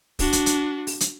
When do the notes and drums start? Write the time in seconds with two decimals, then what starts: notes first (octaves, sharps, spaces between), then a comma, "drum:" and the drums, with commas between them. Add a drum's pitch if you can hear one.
0.19 D4 F#4, drum: kick, open hi-hat
0.33 drum: hi-hat
0.46 drum: hi-hat
0.87 drum: open hi-hat
1.00 drum: hi-hat